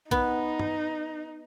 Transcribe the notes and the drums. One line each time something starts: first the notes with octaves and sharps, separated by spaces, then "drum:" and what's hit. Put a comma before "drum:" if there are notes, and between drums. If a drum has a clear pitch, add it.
B3 D#4, drum: kick A#1
drum: tom